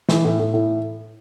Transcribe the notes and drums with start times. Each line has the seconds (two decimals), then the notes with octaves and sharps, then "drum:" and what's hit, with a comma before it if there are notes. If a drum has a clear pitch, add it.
0.09 E3, drum: snare
0.25 A2
0.39 A2
0.54 A2